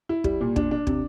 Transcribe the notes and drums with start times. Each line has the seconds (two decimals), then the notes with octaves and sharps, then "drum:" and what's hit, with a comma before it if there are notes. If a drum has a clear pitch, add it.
0.09 E4
0.24 G3, drum: kick
0.41 A#2
0.56 D4, drum: kick
0.71 D4
0.87 C3, drum: kick